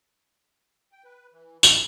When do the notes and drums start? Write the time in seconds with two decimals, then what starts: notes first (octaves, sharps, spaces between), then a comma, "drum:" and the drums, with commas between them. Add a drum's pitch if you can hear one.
0.92 G5
1.04 B4
1.32 E3
1.63 E4, drum: tambourine